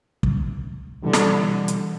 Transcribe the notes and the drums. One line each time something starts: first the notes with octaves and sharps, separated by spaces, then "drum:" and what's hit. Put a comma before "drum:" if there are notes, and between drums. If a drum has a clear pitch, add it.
drum: kick
B2 D3 E3 G3
drum: snare
drum: hi-hat